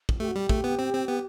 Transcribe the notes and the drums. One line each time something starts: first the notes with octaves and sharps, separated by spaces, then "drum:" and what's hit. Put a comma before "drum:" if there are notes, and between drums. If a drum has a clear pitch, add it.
drum: kick
A3 G4
F#4
G3 G4
A3, drum: kick
B3
C4
C4
B3